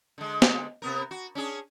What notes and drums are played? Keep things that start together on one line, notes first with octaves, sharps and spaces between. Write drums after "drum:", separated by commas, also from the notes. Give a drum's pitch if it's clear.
D3 G#3
drum: snare
C3 B3 A#4
F#4
C#4 D4 G#4